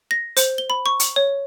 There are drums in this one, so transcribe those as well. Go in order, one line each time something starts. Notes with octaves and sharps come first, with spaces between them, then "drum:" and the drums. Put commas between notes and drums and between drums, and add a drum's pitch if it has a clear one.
A#6
C5, drum: hi-hat
G7
B5
C#6
drum: hi-hat
C#5